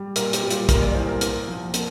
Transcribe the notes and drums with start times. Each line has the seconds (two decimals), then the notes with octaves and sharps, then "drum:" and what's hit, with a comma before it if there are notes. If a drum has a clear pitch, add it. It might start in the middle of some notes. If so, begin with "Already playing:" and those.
Already playing: G3
0.16 A#2 A#4, drum: hi-hat
0.33 G4, drum: hi-hat
0.42 G3
0.50 F4, drum: hi-hat
0.69 A#2 A#4, drum: kick, hi-hat
0.82 D5
0.95 C2 C5
1.08 A#4
1.21 A#3 A#4, drum: hi-hat
1.48 F3
1.74 A#3, drum: hi-hat